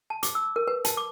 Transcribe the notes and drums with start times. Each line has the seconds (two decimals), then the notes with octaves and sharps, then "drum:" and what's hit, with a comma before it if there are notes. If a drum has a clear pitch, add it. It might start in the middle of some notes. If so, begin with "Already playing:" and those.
0.10 A5
0.23 D6, drum: hi-hat
0.35 E6
0.56 A#4
0.67 B4
0.85 A5, drum: hi-hat
0.97 D6